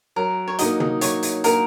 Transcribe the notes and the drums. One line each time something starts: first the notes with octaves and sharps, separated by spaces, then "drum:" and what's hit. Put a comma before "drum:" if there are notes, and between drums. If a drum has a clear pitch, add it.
F#3 A#4
C#5
A#3 D#4 F#4 D#5, drum: hi-hat
drum: tom
F#3 C#5, drum: hi-hat
drum: hi-hat
A#3 D#4 F#4 A#4, drum: hi-hat